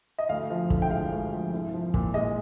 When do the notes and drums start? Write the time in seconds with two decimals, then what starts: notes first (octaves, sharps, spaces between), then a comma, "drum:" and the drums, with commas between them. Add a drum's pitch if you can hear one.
0.18 D#5
0.29 D2 F5
0.50 F3
0.70 D3, drum: kick
0.82 G5
0.90 G#3 F5
1.12 D2
1.33 F3
1.53 C2
1.74 F3
1.94 A#2, drum: kick
2.14 G#3 D#5